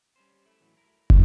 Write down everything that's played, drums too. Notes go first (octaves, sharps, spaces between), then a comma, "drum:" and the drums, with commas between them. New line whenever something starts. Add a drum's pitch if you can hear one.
G3 C#4 C5
A3 E4
A2 E3 F#3
E4 A#4
C#4, drum: kick